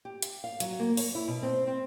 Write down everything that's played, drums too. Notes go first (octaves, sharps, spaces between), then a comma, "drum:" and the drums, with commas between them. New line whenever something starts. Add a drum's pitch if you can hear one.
G4
drum: hi-hat
F5
F#3, drum: hi-hat
A#3
C#5, drum: open hi-hat
E4
B2
C4
C4